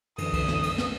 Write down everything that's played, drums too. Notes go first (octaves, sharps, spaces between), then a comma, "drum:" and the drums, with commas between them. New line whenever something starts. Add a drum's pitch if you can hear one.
F#2 D3 E3 D#6, drum: cymbal
drum: kick C2, cymbal
drum: snare
drum: cymbal
drum: snare